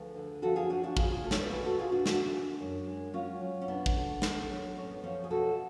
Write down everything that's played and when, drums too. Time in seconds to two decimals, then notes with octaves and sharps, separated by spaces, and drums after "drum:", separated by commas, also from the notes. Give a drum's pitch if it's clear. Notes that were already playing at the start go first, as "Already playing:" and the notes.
Already playing: D2 F3 G#4 B4
0.16 D3
0.42 F3 F#4 A4
0.56 F4 G#4
0.70 F3 D4 F#4
0.83 D4 F#4
0.97 A2 F4 G#4, drum: kick
1.11 F4 G#4
1.24 A3
1.31 C#5, drum: snare
1.37 B4 D5
1.51 B2 G#4 B4
1.64 F#4 A4
1.79 B2 F4 G#4
1.92 D4 F#4
2.06 D3, drum: snare
2.32 G#3
2.59 F#2
2.87 G#3
3.13 F#3 C#4 F4
3.41 F#3
3.61 C#4
3.68 B2 B3 D4
3.86 drum: kick
3.95 A3
4.22 A3, drum: snare
4.49 F#3
4.76 A2 C#4
4.90 B3
5.03 F3 C#4
5.24 G#4
5.30 B2 F#4 A4